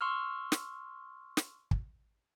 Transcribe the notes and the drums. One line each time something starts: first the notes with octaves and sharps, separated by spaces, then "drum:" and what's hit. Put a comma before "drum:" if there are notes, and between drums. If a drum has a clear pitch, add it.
C6 C#6 E6 F6
drum: snare
drum: snare
drum: kick